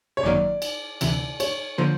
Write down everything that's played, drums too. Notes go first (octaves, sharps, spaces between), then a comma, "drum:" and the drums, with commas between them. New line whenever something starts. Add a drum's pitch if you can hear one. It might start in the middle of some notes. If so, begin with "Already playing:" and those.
C#5
G#1 F#2 D#3 F#3 A#3 D5
drum: cymbal
D2 C3 E3, drum: cymbal
C#5, drum: cymbal
D3 F3 A#3 C5